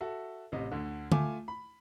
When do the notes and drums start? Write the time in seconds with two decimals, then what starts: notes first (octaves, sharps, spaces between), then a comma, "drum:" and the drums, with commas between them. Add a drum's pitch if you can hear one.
0.01 F#4 A4 E5
0.52 A1 C3 D#5
0.71 D2 D3
1.12 A3 F4 G#5 D6, drum: tom D3
1.48 B5